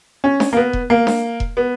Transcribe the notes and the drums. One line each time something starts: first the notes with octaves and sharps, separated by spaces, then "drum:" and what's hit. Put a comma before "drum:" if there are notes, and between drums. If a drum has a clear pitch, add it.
C#4
drum: snare D4
A#3
B3
drum: kick E1
A#3
drum: snare D4
drum: kick E1
B3